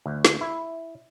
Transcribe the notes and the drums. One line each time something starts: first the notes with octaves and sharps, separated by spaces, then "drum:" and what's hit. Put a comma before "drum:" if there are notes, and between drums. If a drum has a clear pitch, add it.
D2
drum: snare
E4